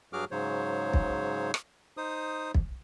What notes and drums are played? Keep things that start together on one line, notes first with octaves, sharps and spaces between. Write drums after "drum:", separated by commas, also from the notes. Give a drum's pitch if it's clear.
G2 F#3 F#4 G#4 D6 F6
G#2 C#3 F#3 C5 C#5
drum: kick
drum: rim click
D#4 C5 D#6
drum: kick